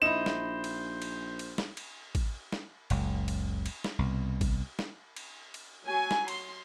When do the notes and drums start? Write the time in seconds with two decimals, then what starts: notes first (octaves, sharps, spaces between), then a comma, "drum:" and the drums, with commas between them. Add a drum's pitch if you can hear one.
0.02 A#1 D#4 E4 C5 E7
0.26 drum: snare
0.64 drum: cymbal
1.02 drum: cymbal
1.39 drum: cymbal
1.58 drum: snare
1.77 drum: cymbal
2.15 drum: kick G#1, cymbal
2.52 drum: snare
2.90 F#1 C#2, drum: cymbal
3.28 drum: cymbal
3.66 drum: cymbal
3.84 drum: snare
3.99 C2 B2
4.41 drum: kick G#1, cymbal
4.79 drum: snare
5.16 drum: cymbal
5.54 drum: cymbal
5.86 F#3 G#5
6.11 drum: snare
6.28 C6, drum: cymbal